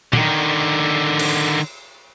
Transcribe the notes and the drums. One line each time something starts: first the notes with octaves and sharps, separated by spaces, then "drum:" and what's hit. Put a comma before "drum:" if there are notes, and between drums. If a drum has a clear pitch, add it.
D3 D#3, drum: tom A#2
drum: cymbal